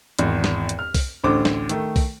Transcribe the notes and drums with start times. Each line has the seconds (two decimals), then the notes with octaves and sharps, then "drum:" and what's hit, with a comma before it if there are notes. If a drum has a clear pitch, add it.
0.19 G#1 E2, drum: hi-hat
0.44 drum: snare
0.69 drum: hi-hat
0.79 F6
0.95 drum: kick, open hi-hat
1.24 A1 D2 C5 D6
1.45 drum: snare
1.69 D#3 A3, drum: hi-hat
1.96 drum: kick, open hi-hat